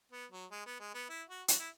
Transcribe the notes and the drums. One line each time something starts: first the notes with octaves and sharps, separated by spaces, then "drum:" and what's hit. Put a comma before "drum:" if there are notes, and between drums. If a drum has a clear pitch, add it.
B3
F#3
G#3
B3
G#3
B3
E4
F#4
F#4, drum: hi-hat
E4